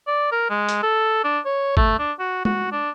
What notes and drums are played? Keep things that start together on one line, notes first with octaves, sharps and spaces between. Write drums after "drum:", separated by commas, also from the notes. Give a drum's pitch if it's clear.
D5
A#4
G#3
drum: hi-hat
A4
D4
C#5
A3, drum: kick G1
D4
F#4
F#4, drum: tom
D4